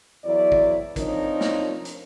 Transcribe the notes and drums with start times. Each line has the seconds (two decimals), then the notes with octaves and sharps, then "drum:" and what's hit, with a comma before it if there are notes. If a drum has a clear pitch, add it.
0.25 E2 F#3 E4 D5
0.52 drum: kick
0.96 F3 C4 D4 D#4 A#4 C#5, drum: kick, hi-hat
1.41 drum: snare
1.85 drum: hi-hat